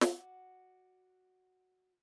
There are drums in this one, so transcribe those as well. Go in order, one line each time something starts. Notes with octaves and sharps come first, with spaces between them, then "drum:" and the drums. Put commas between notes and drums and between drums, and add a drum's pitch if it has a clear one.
F#4 D5 F#5, drum: snare